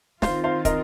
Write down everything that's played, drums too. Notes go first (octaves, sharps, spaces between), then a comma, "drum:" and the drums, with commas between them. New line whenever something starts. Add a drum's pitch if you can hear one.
D#3 C4 F4 C5 F5, drum: snare
C5 F5
A#4 D#5, drum: kick, hi-hat